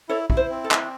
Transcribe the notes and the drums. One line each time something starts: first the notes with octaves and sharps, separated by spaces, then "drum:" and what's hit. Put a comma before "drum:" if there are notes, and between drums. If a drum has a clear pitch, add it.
E4 A4 C#5
E4, drum: kick
C5
C4
A4
E4, drum: clap